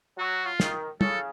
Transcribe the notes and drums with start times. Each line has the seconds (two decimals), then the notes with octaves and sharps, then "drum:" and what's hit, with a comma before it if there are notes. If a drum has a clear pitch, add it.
0.18 F#3 F#4
0.46 F4
0.60 D#3, drum: snare
1.01 C#3 A4, drum: tom